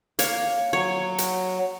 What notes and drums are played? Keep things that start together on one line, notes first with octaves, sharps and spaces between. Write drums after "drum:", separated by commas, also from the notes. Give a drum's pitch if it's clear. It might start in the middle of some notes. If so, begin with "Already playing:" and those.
A#3 C#5, drum: hi-hat
F#3 C#5
drum: hi-hat